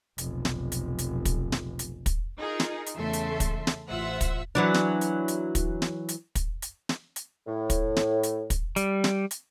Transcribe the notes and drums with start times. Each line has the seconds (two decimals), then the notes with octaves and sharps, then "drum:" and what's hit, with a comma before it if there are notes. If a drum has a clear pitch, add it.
0.18 F1 B1, drum: hi-hat
0.45 drum: snare
0.72 drum: hi-hat
0.99 drum: hi-hat
1.25 drum: kick, hi-hat
1.52 drum: snare
1.79 drum: hi-hat
2.06 drum: kick, hi-hat
2.39 D#4 F4 G#4 A#4
2.60 drum: snare
2.86 drum: hi-hat
2.96 E2 C#3 A3 A4 E5 C6
3.13 drum: hi-hat
3.40 drum: kick, hi-hat
3.67 drum: snare
3.89 A1 F4 C5 E5 F#5 E6
4.21 drum: kick, hi-hat
4.55 E3 F#3 D4
4.74 drum: snare
5.01 drum: hi-hat
5.28 drum: hi-hat
5.55 drum: kick, hi-hat
5.82 drum: snare
6.09 drum: hi-hat
6.35 drum: kick, hi-hat
6.62 drum: hi-hat
6.89 drum: snare
7.16 drum: hi-hat
7.47 A2
7.70 drum: kick, hi-hat
7.96 drum: snare
8.23 drum: hi-hat
8.50 drum: kick, hi-hat
8.76 G3, drum: hi-hat
9.04 drum: snare
9.31 drum: hi-hat